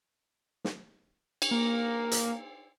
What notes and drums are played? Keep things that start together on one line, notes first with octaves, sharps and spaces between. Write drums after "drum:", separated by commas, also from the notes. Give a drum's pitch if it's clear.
drum: snare
drum: cymbal
A#3
drum: hi-hat